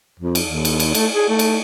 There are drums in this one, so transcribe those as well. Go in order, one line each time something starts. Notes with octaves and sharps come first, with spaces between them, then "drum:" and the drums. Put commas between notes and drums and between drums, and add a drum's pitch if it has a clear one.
F2
drum: cymbal
D#2
drum: cymbal
drum: cymbal
A3, drum: cymbal
G#4
A3
drum: cymbal